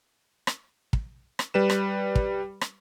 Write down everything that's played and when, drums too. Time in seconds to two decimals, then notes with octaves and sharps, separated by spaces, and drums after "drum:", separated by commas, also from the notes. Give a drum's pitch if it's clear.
0.47 drum: rim click
0.93 drum: kick
1.39 drum: rim click
1.54 G3 B4 E7
1.70 drum: rim click
2.15 drum: kick
2.61 drum: rim click